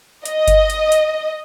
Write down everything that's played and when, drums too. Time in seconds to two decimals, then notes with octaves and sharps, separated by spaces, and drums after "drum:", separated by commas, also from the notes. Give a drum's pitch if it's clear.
0.25 D#5, drum: hi-hat
0.48 drum: kick G1, hi-hat
0.70 drum: hi-hat
0.92 drum: hi-hat